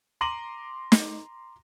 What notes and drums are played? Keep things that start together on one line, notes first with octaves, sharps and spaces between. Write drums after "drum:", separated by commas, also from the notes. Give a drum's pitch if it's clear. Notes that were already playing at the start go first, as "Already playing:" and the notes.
A#5 C6 D6 A#6 D#7 F#7
drum: snare